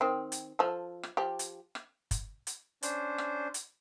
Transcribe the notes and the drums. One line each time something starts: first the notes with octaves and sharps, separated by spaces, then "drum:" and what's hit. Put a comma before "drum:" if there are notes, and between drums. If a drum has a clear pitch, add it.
D#3 C4
drum: hi-hat
F3 A4
drum: rim click
F3 G4
drum: hi-hat
drum: rim click
drum: kick, hi-hat
drum: hi-hat
C#4 D4 C5, drum: hi-hat
drum: rim click
drum: hi-hat